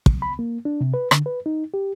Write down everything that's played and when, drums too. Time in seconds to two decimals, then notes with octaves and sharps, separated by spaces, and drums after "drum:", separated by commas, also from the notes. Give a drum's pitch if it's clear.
0.06 drum: kick
0.22 B5
0.39 A#3
0.65 D4
0.81 C3
0.94 B4
1.11 D3, drum: rim click
1.26 B4
1.46 D#4
1.74 G4